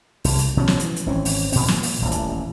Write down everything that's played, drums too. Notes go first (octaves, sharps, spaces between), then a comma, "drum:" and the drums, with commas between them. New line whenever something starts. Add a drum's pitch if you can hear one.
C2, drum: open hi-hat
drum: hi-hat
B2 F3 C#4
drum: snare
E3, drum: hi-hat
drum: hi-hat
G#1 E3 C4 C#4
drum: open hi-hat
A#2 C4, drum: open hi-hat
drum: snare
drum: open hi-hat
D#1 A1
drum: hi-hat